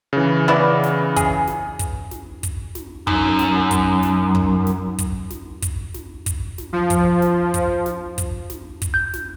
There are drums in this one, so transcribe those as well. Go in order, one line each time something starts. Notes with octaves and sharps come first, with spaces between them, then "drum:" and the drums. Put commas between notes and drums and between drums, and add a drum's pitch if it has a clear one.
C#3 E3
B3 E4 D5
drum: snare
G#4, drum: kick, hi-hat
drum: snare
drum: kick, hi-hat
drum: snare
drum: kick, hi-hat
drum: snare
F#2 D#4, drum: kick
drum: snare
drum: kick, hi-hat
drum: snare
drum: kick
drum: snare
drum: kick, hi-hat
drum: snare
drum: kick, hi-hat
drum: snare
drum: kick, hi-hat
drum: snare
F3
drum: kick, hi-hat
drum: snare
drum: kick, hi-hat
drum: snare
drum: kick, hi-hat
drum: snare
drum: kick, hi-hat
G6
drum: snare